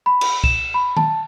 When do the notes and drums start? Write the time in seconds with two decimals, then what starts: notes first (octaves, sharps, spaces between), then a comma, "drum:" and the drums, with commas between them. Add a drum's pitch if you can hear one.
0.06 B5
0.21 drum: cymbal
0.44 E7, drum: kick C2
0.74 B5
0.97 A5, drum: tom D#3